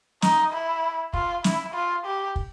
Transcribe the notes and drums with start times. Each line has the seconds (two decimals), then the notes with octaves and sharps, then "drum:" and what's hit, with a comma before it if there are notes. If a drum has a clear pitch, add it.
0.22 D#4, drum: snare
0.53 E4
1.13 F4, drum: kick
1.44 E4, drum: snare
1.74 F4
2.05 G4
2.36 drum: kick